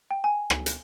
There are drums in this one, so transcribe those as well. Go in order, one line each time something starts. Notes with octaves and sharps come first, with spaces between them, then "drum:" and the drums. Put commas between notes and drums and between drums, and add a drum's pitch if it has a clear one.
G5
G#5
drum: rim click
drum: hi-hat